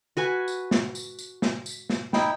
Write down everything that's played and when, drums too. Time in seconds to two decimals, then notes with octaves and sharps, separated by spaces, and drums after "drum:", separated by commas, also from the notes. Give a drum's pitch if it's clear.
0.17 F#4 B4 G#5
0.48 drum: tambourine
0.71 drum: snare
0.95 drum: tambourine
1.19 drum: tambourine
1.42 drum: snare
1.66 drum: tambourine
1.90 drum: snare
2.13 D#4 E4 G5, drum: snare